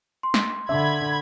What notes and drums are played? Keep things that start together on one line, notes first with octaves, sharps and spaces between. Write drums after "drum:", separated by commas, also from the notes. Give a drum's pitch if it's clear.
C6
drum: snare
D3 E5 B5 G#6